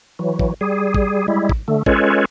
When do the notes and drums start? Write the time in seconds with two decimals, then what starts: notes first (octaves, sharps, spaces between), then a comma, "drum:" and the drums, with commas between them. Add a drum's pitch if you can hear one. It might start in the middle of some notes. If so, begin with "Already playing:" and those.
0.19 E3 F#3
0.39 drum: kick
0.61 G3 G#4
0.94 drum: kick
1.28 G3 G#3 E4
1.49 drum: kick
1.68 D3 A3
1.86 G#3 C#4 F4 A4 B4 C#5, drum: kick